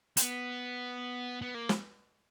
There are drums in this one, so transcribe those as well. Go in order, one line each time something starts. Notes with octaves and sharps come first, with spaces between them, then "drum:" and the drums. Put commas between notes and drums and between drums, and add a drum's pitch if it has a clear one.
C4, drum: hi-hat
B3
B3
A#3
drum: snare